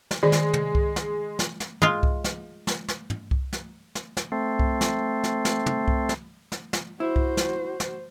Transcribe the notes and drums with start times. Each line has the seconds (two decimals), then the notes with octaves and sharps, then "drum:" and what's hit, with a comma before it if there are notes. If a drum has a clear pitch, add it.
0.11 drum: snare
0.23 D#3 G#3 D5
0.32 drum: snare
0.53 drum: tom
0.75 drum: kick C2
0.96 drum: snare
1.39 drum: snare
1.60 drum: snare
1.82 G#3 F4, drum: tom
2.03 drum: kick C2
2.24 drum: snare
2.67 drum: snare
2.88 drum: snare
3.10 drum: tom
3.31 drum: kick C2
3.53 drum: snare
3.95 drum: snare
4.17 drum: snare
4.32 A3 C4
4.59 drum: kick C2
4.81 drum: snare
5.24 drum: snare
5.45 drum: snare
5.66 drum: tom
5.88 drum: kick C2
6.09 drum: snare
6.52 drum: snare
6.73 drum: snare
7.00 E4 F#4 C5
7.16 drum: kick C2
7.37 drum: snare
7.80 drum: snare